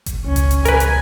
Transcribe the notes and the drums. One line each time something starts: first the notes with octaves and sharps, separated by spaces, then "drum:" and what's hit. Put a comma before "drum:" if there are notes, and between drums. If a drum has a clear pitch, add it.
drum: kick G1, hi-hat
C#2 C#4
drum: kick G1, hi-hat
drum: hi-hat
A#4 B4 G#5, drum: hi-hat
drum: hi-hat